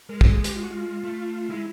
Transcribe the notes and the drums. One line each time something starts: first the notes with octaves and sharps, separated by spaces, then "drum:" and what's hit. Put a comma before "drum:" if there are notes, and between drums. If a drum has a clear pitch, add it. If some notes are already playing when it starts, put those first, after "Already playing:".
G#3 A#4
A4, drum: kick
G#4
G4, drum: hi-hat
F4
F#4
F4
A3
G#3 E4